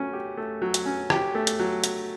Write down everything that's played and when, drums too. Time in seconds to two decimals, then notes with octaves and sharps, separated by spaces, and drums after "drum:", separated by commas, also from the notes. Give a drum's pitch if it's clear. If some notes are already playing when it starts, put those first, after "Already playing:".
Already playing: F#3 A3 C#4
0.13 G4
0.37 A3
0.62 F#3
0.74 drum: hi-hat
0.86 C#4
1.10 G4, drum: rim click
1.35 A3
1.47 drum: hi-hat
1.59 F#3
1.84 drum: hi-hat